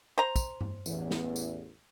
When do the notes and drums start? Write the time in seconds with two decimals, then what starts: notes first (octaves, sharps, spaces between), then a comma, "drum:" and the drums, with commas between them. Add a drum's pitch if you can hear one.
0.18 C5 A#5
0.36 drum: kick, tambourine
0.61 drum: tom G2
0.86 A1 E2, drum: tambourine
1.11 drum: snare
1.36 drum: tambourine